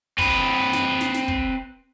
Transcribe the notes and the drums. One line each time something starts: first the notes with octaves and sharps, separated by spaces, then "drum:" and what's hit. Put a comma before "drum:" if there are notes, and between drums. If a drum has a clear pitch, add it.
C4 B4, drum: kick
drum: snare
drum: snare
drum: snare
drum: kick